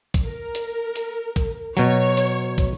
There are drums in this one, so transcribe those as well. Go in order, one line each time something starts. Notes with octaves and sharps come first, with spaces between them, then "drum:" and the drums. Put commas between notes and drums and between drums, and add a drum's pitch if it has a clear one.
drum: kick, hi-hat
A#4
drum: hi-hat
drum: hi-hat
drum: kick, hi-hat
B2 F#3 C#5, drum: hi-hat
drum: hi-hat
drum: kick, hi-hat